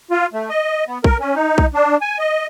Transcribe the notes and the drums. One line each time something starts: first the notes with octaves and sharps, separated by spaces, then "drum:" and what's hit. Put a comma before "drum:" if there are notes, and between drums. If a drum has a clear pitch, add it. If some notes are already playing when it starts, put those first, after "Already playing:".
F4
A3
D#5
B3
A#4, drum: kick B1
C#4
D#4
drum: kick B1
D4
G#5
D#5